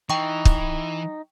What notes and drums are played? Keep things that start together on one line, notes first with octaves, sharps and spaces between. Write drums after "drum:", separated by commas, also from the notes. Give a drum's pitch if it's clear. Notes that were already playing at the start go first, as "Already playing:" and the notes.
E3 D#4 G5 C#6
drum: kick